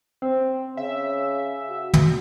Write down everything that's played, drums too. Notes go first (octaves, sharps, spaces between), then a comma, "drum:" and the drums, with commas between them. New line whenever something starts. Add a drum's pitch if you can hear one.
C4
C#3 E5
F#4
drum: tom